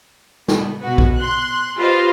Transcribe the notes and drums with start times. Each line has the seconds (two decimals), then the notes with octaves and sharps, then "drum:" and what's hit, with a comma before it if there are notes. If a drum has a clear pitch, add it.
0.48 B3, drum: snare
0.81 B2 F#4 B4
0.98 drum: kick A#1
1.16 C6 F#6
1.77 F4 G4 B4 C5 D#5 F5